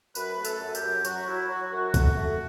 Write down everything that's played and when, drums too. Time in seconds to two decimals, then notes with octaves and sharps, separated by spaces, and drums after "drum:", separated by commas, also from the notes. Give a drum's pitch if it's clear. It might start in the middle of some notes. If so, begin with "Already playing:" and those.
0.15 F#2 B4, drum: tambourine
0.37 A3
0.45 A4, drum: tambourine
0.60 F#2
0.75 G4, drum: tambourine
0.82 F#2
1.05 F#3 F#4, drum: tambourine
1.27 F#3 E4
1.49 F#3 F#4
1.72 F#2 F#4
1.94 A3, drum: kick, tambourine
2.17 A3